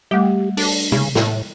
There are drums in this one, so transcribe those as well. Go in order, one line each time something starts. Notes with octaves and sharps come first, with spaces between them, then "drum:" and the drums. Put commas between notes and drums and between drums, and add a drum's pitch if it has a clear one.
G3 A3 G4
D4, drum: open hi-hat
C#3, drum: tom C3
A2, drum: snare